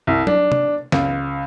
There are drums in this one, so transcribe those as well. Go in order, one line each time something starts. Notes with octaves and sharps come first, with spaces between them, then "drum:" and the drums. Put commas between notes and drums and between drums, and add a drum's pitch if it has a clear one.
C2
D4, drum: tom F#3
drum: tom C3
C#2, drum: snare